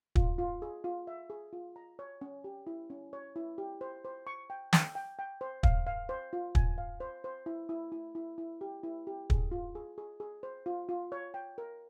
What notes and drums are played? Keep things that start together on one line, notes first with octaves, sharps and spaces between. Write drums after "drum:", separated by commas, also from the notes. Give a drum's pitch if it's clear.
F4, drum: kick
F4
G#4
F4
E5
G#4
F4
A#5
C#5
C#4
G4
E4
C#4
C#5
E4
G4
C5
C5
C#6
G5
G5, drum: snare
G5
G5
C5
F5, drum: kick
F5
C5
F4
G#5, drum: kick
F5
C5
C5
E4
E4
E4
E4
E4
G4
E4
G4
G#4, drum: kick
F4
G#4
G#4
G#4
C5
F4
F4
C#5
G5
A#4